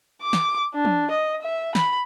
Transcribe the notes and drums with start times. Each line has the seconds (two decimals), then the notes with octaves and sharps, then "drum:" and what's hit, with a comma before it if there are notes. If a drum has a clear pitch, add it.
0.22 D6
0.33 drum: snare
0.74 D4
0.85 drum: tom
1.11 D#5
1.42 E5
1.75 B5, drum: snare